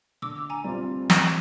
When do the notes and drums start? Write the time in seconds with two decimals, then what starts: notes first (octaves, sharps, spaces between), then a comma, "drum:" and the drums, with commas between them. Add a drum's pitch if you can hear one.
0.22 D3 D6 E6
0.50 G#5 A#5
0.64 G3 C4 F4
1.10 drum: snare